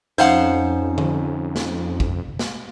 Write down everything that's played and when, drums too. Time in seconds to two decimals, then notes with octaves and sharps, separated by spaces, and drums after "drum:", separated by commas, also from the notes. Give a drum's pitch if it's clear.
0.18 F2 C#4 D#4 C5 F5 F#5, drum: hi-hat
0.98 drum: tom D3
1.56 drum: snare
2.00 drum: kick
2.39 drum: snare